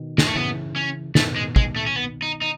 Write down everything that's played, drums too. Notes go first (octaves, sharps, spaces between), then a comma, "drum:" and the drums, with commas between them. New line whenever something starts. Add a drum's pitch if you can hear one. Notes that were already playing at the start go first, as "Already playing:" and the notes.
Already playing: B2 D#3
G#3, drum: snare
A3
C#3 E3 B3
C#4
B2 D#3 A3, drum: snare
G#3
G#3, drum: kick
A3
C#4
B3
D#4
D#4